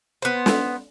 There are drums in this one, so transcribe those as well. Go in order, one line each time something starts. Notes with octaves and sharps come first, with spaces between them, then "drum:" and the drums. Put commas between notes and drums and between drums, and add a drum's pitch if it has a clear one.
B3 C5
drum: snare